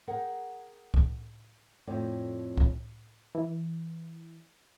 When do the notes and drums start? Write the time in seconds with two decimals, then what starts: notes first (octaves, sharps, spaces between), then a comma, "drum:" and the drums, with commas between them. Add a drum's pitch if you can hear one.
0.07 G#4 A#4 F#5 G5
0.94 drum: kick
1.87 F2 A2 D5 G5
2.57 drum: kick
3.35 E3